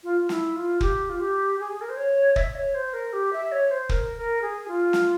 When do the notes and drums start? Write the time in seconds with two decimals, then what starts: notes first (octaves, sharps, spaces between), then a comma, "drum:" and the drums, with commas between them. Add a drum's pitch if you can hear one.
0.03 F4
0.29 E4, drum: snare
0.55 F4
0.81 G4, drum: kick
1.09 F4
1.20 G4
1.59 G#4
1.72 G#4
1.81 A#4
1.89 C5
1.96 C#5
2.36 E5, drum: kick
2.55 C#5
2.74 C5
2.93 A#4
3.12 G4
3.32 E5
3.51 C#5
3.70 C5
3.89 A#4, drum: kick
4.16 A#4
4.41 G#4
4.67 F4
4.93 drum: snare